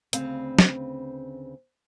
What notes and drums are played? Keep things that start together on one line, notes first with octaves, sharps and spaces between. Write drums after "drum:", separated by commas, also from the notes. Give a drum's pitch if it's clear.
D2 C#3 C4 B4 F5, drum: hi-hat
drum: snare